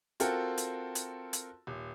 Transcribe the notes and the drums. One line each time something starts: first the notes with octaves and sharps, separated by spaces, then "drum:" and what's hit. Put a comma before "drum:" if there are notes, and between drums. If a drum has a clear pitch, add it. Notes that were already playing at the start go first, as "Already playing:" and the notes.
C4 F4 F#4 A4 A#4, drum: hi-hat
drum: hi-hat
drum: hi-hat
drum: hi-hat
D#1